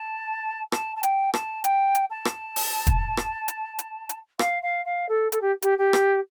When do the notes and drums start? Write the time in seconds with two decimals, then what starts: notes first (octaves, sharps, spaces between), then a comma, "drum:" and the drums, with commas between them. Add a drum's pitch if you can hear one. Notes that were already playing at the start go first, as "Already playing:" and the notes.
Already playing: A5
0.72 A5, drum: rim click
0.96 A5
1.03 G5, drum: hi-hat
1.34 A5, drum: rim click
1.64 G5, drum: hi-hat
1.95 drum: hi-hat
2.11 A5
2.25 drum: rim click
2.56 drum: open hi-hat
2.87 drum: kick, hi-hat
3.17 drum: rim click
3.48 drum: hi-hat
3.79 drum: hi-hat
4.09 drum: hi-hat
4.39 F5, drum: rim click
4.63 F5
4.86 F5
5.09 A4
5.32 A4, drum: hi-hat
5.41 G4
5.62 G4, drum: hi-hat
5.78 G4
5.93 drum: rim click